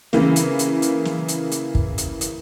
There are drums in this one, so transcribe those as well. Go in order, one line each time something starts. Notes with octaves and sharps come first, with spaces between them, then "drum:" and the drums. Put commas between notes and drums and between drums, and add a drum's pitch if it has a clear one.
C#3 E3 A#3, drum: snare
drum: hi-hat
drum: hi-hat
drum: hi-hat
drum: snare
drum: hi-hat
drum: hi-hat
drum: kick
drum: hi-hat
drum: hi-hat